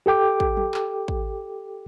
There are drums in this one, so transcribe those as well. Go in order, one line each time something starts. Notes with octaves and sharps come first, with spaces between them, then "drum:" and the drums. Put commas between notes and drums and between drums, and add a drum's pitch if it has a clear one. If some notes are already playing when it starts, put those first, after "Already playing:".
G4 A4 G5 D6
drum: kick
drum: tom F#3
drum: clap
drum: kick